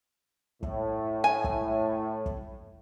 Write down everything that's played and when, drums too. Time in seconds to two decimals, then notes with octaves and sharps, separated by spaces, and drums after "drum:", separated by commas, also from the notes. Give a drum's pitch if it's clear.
0.63 A2, drum: kick
1.24 G#5
1.44 drum: kick
2.26 drum: kick